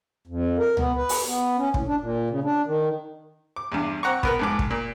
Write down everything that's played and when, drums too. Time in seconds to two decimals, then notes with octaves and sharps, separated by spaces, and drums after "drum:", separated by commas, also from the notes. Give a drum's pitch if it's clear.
0.27 F2
0.58 A#4
0.77 B3, drum: tom C#2
0.96 B4
1.09 drum: open hi-hat
1.27 B3
1.58 C#4
1.74 A2, drum: kick
1.87 D4
2.01 A#2
2.30 C#3
2.44 D4
2.67 D#3
3.56 D6
3.72 E2 G2
4.03 C4 F#5 A#5 C#6
4.23 B3 A#4 B4, drum: kick
4.39 F2 G#2 D6
4.59 drum: kick
4.70 A#2